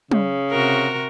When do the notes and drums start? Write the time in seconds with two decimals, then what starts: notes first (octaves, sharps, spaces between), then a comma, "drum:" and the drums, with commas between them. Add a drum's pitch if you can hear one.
0.11 C#3, drum: tom
0.51 C3 F#4 A#4